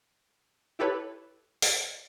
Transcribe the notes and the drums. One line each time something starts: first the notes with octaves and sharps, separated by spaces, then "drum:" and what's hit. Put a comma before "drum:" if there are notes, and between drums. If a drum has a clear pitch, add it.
E4 G4 A4 B4 C#5
drum: open hi-hat